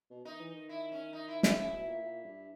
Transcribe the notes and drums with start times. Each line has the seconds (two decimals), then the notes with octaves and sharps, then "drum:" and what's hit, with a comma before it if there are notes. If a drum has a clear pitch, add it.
0.10 B2
0.24 D#3 D#4
0.39 E3
0.55 D#3
0.69 E4
0.92 C#4
1.13 D#4
1.28 E4
1.43 E4, drum: snare
1.57 C#3 E4
1.73 B2
1.87 A#2
2.02 A#2
2.24 G2